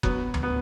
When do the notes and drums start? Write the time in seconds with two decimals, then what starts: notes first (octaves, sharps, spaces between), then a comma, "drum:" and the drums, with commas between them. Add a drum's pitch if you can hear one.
0.03 F#3 B3, drum: kick F#1
0.34 drum: tom D2
0.43 B3